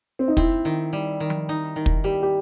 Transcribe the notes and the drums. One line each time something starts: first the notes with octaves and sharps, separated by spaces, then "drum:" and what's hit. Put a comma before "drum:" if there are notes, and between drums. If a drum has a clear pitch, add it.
C4
D#4
C4 E4, drum: kick
D#3
G3
D#3
drum: tom F3
D#4
D#3
drum: kick
G3 G4
G4